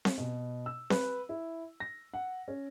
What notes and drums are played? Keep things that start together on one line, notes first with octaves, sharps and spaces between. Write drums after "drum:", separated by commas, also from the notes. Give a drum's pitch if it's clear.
drum: snare C4
B2
E6
B4, drum: snare C4
E4
A#6
F#5
C#4